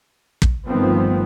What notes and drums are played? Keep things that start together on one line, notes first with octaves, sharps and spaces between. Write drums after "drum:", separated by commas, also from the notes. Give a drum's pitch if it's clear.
drum: kick
G1 D#3 F3 A3 B3 C4